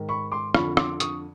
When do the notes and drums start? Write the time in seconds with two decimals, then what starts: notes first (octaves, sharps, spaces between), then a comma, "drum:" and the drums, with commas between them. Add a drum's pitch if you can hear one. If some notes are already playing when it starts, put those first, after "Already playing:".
Already playing: G#2 D#3
0.09 B5 C#6
0.32 C6 D6
0.55 F2 D3 F3 B5 C#6, drum: rim click
0.77 C6 D6, drum: rim click
1.00 C#6 D#6, drum: hi-hat